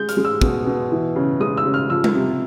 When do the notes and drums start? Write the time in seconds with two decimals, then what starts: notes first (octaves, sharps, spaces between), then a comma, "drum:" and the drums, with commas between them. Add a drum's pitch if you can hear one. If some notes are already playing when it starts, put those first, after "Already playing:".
Already playing: G#3 G6
0.09 F6, drum: hi-hat
0.17 G#3
0.25 E6
0.41 B2, drum: kick
0.66 B2
0.92 E3
1.16 C#3
1.40 G#3 D#6
1.57 E6
1.66 C#3
1.74 F6
1.90 F3 E6
2.04 drum: tom G3
2.15 C3